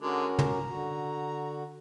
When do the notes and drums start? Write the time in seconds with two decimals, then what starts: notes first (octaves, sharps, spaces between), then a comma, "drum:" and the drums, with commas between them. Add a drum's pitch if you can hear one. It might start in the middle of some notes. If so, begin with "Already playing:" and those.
0.01 D3 G#3 C#4 F#4 A#4
0.39 A#5, drum: tom
0.70 D3 F#4